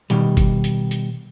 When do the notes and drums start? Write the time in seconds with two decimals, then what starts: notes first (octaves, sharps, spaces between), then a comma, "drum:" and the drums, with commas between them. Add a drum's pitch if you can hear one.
0.10 B2 D#3 G3, drum: hi-hat
0.37 drum: kick F#1, hi-hat
0.64 drum: hi-hat
0.91 drum: hi-hat